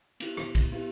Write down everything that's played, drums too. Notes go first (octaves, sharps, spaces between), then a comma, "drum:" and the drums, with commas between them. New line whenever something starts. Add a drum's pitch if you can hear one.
B3 E4 G4, drum: cymbal
drum: rim click
drum: kick, cymbal
B3 E4 G4